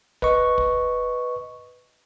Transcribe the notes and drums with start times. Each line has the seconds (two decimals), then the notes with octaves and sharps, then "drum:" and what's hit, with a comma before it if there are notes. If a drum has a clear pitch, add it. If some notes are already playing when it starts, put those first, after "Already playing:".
0.22 B4 D#5 C#6, drum: kick
0.58 drum: kick